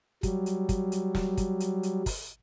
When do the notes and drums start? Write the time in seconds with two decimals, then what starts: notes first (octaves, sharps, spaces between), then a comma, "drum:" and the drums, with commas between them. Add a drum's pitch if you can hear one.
0.23 F#3 G3, drum: kick, hi-hat
0.46 drum: hi-hat
0.69 drum: kick, hi-hat
0.92 drum: hi-hat
1.15 drum: snare
1.37 drum: kick, hi-hat
1.60 drum: hi-hat
1.83 drum: hi-hat
2.06 drum: kick, open hi-hat